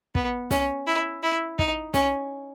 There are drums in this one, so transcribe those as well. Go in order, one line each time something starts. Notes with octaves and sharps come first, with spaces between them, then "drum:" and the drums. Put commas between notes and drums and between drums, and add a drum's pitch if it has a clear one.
B3, drum: kick
C#4, drum: snare
E4
E4
D#4, drum: kick
C#4, drum: snare